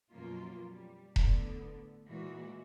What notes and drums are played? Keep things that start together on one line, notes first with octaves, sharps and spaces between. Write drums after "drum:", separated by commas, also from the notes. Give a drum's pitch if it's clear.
F#2 B2 F3 F#3 A#3 F4
G3
A2 D3 B3, drum: kick E1
A#2 E3 G#3 A#3 F#4